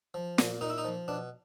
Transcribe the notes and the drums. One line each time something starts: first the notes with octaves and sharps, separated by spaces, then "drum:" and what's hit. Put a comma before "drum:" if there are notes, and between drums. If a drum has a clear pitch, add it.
F3
A#2, drum: snare
A#2 D#4
E4
D#4
F3
B2 D4